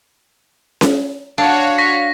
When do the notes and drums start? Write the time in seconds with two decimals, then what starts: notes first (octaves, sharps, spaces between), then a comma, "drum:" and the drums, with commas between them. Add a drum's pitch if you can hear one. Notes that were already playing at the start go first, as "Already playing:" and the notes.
0.81 drum: snare C#4
1.38 D4 F#4 C#5 F5
1.78 C#6 A#6 B6